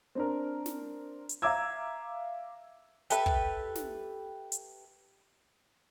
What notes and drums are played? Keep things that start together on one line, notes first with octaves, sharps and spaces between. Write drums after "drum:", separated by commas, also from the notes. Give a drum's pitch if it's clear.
C4 D4 A#4
drum: snare
drum: hi-hat
E5 F5 A#5 D6 E6 G#6
G4 A4 B4 E5, drum: hi-hat
drum: kick
drum: snare
drum: hi-hat